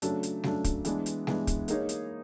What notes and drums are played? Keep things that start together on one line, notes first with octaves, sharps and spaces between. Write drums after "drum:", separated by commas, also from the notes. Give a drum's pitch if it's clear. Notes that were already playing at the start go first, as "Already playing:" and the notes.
C#3 F#3 A3 D4, drum: hi-hat
drum: hi-hat
C#3 F#3 A3 D4, drum: snare G3
drum: kick, hi-hat
E3 G#3 B3 D4, drum: hi-hat
drum: hi-hat
E3 G#3 B3 D4, drum: snare G3
drum: kick, hi-hat
A#3 D#4 G#4 C#5, drum: hi-hat
drum: hi-hat